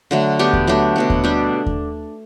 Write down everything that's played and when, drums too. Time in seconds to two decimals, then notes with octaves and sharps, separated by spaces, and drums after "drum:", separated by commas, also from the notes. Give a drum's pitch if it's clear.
0.11 D3 F#3 A3
0.39 B3 D4 G4
0.53 drum: kick D#2
0.67 F#3 A3 D4 G4
0.96 B2 F#3 B3
1.10 drum: kick D#2
1.24 G3 D4 G4
1.66 drum: kick D#2